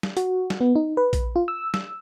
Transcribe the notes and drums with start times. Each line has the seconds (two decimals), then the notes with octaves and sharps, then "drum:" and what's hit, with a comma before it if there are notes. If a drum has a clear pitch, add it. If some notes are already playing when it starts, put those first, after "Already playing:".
0.03 drum: snare
0.17 F#4, drum: hi-hat
0.50 drum: snare
0.61 B3
0.75 D#4
0.97 B4
1.13 drum: kick A#1, hi-hat
1.36 F4
1.48 E6
1.74 E6, drum: snare